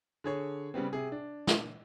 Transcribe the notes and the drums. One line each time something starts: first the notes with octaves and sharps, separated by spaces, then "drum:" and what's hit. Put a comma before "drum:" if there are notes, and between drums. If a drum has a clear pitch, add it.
D3 G#4 C#5 C#6
C#3 G3 B3 C4
C3 G#4
D4
drum: snare